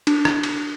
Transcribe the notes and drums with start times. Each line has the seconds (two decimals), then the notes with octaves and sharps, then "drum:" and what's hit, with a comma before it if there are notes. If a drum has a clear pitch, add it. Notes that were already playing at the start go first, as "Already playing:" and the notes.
0.07 D4, drum: cymbal
0.25 drum: rim click
0.43 drum: cymbal